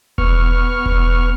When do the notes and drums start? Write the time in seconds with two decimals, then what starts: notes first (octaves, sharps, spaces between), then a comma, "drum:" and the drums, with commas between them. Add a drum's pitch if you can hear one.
0.18 B3 C#6 F6, drum: kick E1
0.86 drum: kick E1